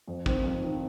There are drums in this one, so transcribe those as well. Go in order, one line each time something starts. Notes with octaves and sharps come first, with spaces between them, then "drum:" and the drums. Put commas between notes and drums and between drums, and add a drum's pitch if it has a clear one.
F2
D#3 C4, drum: kick
F2
D#3 C4